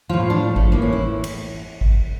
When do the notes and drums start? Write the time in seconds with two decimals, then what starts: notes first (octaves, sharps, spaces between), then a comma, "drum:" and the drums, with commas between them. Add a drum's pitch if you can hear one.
0.09 A2 F3 F4
0.30 D4
0.56 A3, drum: kick G#1
0.72 A2 E3 A#3
0.82 C#4
0.92 E4
1.24 drum: cymbal
1.81 drum: kick G#1